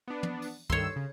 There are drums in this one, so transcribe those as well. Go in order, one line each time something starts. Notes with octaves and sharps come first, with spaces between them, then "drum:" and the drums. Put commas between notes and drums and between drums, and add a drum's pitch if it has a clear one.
B3 D4
drum: tom
drum: open hi-hat
G2 D#3 C#5 C6 E6, drum: kick
C#3